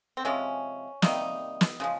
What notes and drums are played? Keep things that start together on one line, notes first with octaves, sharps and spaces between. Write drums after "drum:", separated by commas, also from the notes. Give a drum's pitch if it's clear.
C4
C3 F3 G#3 C#4
C3 D#3 G3 A#3 D#4, drum: snare
drum: snare
C#3 F3 G#3